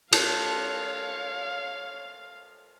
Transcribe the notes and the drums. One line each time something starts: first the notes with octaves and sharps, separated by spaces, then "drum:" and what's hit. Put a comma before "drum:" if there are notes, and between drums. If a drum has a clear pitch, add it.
A4 C#5 F5, drum: cymbal